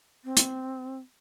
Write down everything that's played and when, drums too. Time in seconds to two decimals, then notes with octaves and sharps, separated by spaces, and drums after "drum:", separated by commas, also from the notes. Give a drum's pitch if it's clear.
0.24 C4
0.37 drum: hi-hat